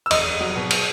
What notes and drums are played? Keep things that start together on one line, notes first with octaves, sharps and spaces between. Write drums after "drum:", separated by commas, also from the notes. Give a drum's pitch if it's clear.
E6
F1 D#5 D#6, drum: cymbal
F1
F#3
B2
drum: cymbal